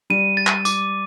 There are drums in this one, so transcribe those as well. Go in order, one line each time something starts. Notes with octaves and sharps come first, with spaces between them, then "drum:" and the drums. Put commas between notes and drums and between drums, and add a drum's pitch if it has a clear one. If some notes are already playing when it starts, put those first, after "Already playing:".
G3 D#7
A6
drum: clap
D6, drum: tambourine